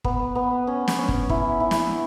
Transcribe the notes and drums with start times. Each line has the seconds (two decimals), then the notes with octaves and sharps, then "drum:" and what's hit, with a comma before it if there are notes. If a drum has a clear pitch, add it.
0.04 B3, drum: kick
0.35 B3
0.67 C#4
0.88 drum: snare
0.98 C#4
1.08 drum: kick
1.30 E4, drum: kick
1.60 E4
1.71 drum: snare